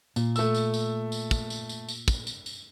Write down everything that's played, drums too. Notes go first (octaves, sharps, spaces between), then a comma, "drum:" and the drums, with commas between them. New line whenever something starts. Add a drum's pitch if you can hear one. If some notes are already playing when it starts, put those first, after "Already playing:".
A#2, drum: tambourine
A3 A4 E6, drum: tambourine
drum: tambourine
drum: tambourine
drum: tambourine
drum: kick, tambourine
drum: tambourine
drum: tambourine
drum: tambourine
drum: kick, tambourine
drum: tambourine
drum: tambourine